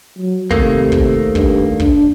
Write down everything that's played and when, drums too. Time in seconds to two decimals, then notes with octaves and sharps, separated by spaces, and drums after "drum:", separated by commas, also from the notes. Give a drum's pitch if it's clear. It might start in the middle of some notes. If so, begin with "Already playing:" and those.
0.18 F#3
0.51 C3 D#3 A3 A#3, drum: kick
0.92 drum: kick
1.35 G2, drum: kick
1.80 D4, drum: kick